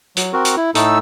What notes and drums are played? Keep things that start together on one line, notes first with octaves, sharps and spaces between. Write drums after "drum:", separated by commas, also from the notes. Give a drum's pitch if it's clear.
F#3, drum: hi-hat
C4 F#4 A#4
drum: hi-hat
E4
A2 A3 D#4 A4 E6, drum: hi-hat